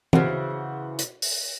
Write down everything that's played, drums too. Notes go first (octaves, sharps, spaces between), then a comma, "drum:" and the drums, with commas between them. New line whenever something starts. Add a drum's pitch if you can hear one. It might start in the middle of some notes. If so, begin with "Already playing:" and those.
C#3 E3 F#4 C5 F#5, drum: tom E3
drum: hi-hat
drum: open hi-hat